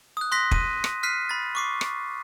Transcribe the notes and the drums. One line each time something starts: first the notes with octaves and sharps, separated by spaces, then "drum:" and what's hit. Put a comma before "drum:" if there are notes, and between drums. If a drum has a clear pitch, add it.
D#6 F#6
C6 D#6 F#6 A#6 B6
D#7, drum: kick
drum: rim click
F6 F#6 B6 C7 D#7
B5 A6
C#6 D6 C7
drum: rim click